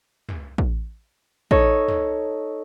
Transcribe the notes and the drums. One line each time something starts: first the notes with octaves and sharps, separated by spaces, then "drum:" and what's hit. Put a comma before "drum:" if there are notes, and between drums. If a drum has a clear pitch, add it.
drum: tom
drum: kick
D#4 A4 C#5, drum: kick
drum: tom